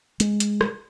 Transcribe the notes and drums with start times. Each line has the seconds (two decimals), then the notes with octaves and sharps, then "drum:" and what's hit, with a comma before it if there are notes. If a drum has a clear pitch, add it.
0.20 G#3, drum: hi-hat
0.40 drum: hi-hat
0.61 drum: rim click